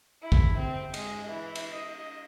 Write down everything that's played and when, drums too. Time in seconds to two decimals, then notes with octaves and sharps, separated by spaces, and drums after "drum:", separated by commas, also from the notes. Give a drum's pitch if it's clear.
0.23 E4
0.32 drum: kick
0.59 C4
0.94 G#3, drum: cymbal
1.28 E3
1.55 drum: cymbal
1.73 D#5